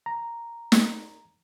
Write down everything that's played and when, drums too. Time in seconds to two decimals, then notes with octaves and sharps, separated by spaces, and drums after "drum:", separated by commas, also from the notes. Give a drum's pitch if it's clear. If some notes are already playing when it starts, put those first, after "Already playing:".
0.06 A#5
0.72 drum: snare